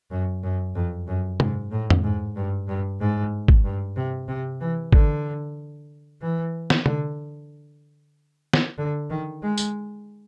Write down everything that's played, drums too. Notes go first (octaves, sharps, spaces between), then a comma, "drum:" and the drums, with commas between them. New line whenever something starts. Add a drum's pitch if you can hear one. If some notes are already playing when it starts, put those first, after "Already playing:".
F#2
F#2
F2
F#2
G#2, drum: tom C3
A2
drum: tom F2
G#2
G2
G2
G#2
drum: kick
G2
C3
C3
E3
D3, drum: kick
E3
drum: snare
D3, drum: tom C3
drum: snare
D3
D#3
G#3
drum: tambourine